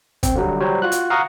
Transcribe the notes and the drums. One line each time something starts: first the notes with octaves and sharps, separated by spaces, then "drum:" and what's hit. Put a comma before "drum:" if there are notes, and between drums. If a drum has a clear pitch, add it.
C4, drum: kick, hi-hat
D3 F#3 G3
F#3 G3 C5 C#5
F4 F#4 F#6
drum: hi-hat
F5 F#5 A#5 C#6 D#6